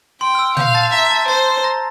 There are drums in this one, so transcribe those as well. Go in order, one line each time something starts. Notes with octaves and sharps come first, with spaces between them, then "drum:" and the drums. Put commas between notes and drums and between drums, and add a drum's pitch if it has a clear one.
G5 C6
F6
E6
F5 G6, drum: tom
A5 A6
E5 A#5 A#6
A5 A6
C5 A5 A6
A#5 A#6